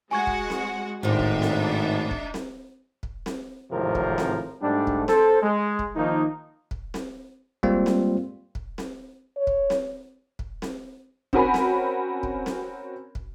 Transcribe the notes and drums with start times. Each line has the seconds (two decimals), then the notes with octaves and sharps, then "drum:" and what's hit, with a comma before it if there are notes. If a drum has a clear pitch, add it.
0.11 G#3 F#4 G#5 C#6 G#6
0.27 drum: kick
0.50 drum: snare C4
1.03 G#1 A2 C4 D4 D#4 E5
1.19 drum: kick
1.42 drum: snare C4
2.11 drum: kick
2.34 drum: snare C4
3.03 drum: kick
3.26 drum: snare C4
3.72 G#1 E2 A2 C3 F3 A#4
3.95 drum: kick
4.18 drum: snare C4
4.62 G#2 G3 A3 D4
4.87 drum: kick
5.08 A4 C5, drum: snare C4
5.43 G#3
5.79 drum: kick
5.96 D#3 F3 A#3 D#4
6.71 drum: kick
6.94 drum: snare C4
7.63 G3 G#3 A#3 C4 F4, drum: kick
7.86 drum: snare C4
8.55 drum: kick
8.78 drum: snare C4
9.37 C#5
9.47 drum: kick
9.70 drum: snare C4
10.39 drum: kick
10.62 drum: snare C4
11.33 C4 C#4 F#4 A#4 G#5 B5, drum: kick
11.54 drum: snare C4
12.23 drum: kick
12.46 drum: snare C4
13.15 drum: kick